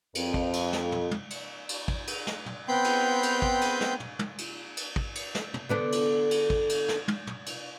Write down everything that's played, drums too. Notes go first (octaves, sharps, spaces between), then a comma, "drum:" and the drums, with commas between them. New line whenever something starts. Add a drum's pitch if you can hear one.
F2, drum: cymbal
drum: kick
drum: cymbal
drum: snare
drum: tom
drum: tom
drum: cymbal
drum: cymbal
drum: kick
drum: cymbal
drum: snare
drum: tom
B3 C4 G5 B5 C6 G6
drum: cymbal
drum: cymbal
drum: kick
drum: cymbal
drum: snare
drum: tom
drum: tom
drum: cymbal
drum: cymbal
drum: kick
drum: cymbal
drum: snare
drum: tom
D3 B3 D4
drum: cymbal
drum: cymbal
drum: kick
drum: cymbal
drum: snare
drum: tom
drum: tom
drum: cymbal